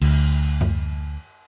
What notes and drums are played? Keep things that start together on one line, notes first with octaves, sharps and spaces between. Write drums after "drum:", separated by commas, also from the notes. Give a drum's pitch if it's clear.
D2, drum: cymbal
drum: tom F#2